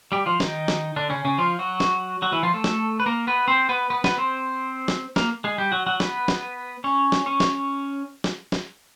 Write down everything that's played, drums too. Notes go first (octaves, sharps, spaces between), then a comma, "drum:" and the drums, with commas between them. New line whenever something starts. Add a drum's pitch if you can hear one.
G3 G4
F3 F4
D#3 D#4, drum: snare
drum: snare
D3 D4
C#3 C#4
C#3 C#4
F3 F4
F#3 F#4
drum: snare
F#3 F#4
E3 E4
F3 F4
A3 A4
drum: snare
B4
A#3 A#4
B3 B4
C4 C5
B3 B4
B3 B4
B3 B4, drum: snare
C4 C5
drum: snare
A#3 A#4, drum: snare
G#3 G#4
G3 G4
F#3 F#4
F#3 F#4
B3 B4, drum: snare
drum: snare
C#4 C#5
drum: snare
C#4 C#5
drum: snare
drum: snare
drum: snare